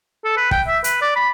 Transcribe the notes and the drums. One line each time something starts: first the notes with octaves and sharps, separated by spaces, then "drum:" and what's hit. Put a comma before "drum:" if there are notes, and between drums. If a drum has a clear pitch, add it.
A4
B4
G5, drum: kick
E5
B4, drum: hi-hat
D5
B5